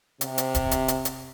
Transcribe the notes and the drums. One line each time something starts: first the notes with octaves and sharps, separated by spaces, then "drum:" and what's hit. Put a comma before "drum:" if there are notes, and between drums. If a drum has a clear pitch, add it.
C3, drum: hi-hat
drum: hi-hat
drum: kick, hi-hat
drum: hi-hat
drum: hi-hat
drum: hi-hat